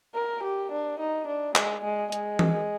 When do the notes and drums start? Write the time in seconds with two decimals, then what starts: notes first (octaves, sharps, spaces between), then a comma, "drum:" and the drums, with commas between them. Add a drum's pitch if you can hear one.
0.15 A#4
0.43 G4
0.72 D4
1.00 D#4
1.27 D4
1.55 G#3, drum: clap
1.84 G#3
2.12 G#3, drum: hi-hat
2.39 drum: tom E3